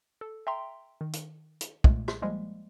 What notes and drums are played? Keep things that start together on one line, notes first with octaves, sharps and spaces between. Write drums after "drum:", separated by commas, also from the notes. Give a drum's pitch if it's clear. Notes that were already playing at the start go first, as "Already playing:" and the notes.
A4
E5 G5 A#5 C6
D#3
drum: hi-hat
drum: hi-hat
B1 A#2 G#3 A3, drum: kick
drum: rim click
F3 G3 G#3 A#3